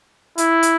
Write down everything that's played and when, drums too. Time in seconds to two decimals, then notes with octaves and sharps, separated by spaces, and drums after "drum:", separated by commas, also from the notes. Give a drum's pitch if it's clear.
0.38 E4, drum: hi-hat
0.63 drum: hi-hat